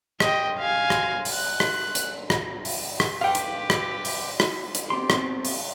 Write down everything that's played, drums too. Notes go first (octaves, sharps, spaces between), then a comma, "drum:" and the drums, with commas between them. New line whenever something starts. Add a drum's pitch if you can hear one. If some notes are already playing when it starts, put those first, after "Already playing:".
D#5 G5, drum: rim click
F5 G#5
drum: rim click
drum: open hi-hat
F#6
drum: rim click
drum: hi-hat
drum: rim click
drum: open hi-hat
drum: rim click
G4 B4 F5 G5
drum: hi-hat
drum: rim click
drum: open hi-hat
drum: rim click
drum: hi-hat
B3 C4 G4 C6
drum: rim click
drum: open hi-hat